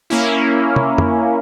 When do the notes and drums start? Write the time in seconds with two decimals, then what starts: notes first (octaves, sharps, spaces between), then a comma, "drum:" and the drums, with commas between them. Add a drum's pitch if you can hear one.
0.10 A#3 C#4 E4
0.76 drum: tom
0.98 drum: tom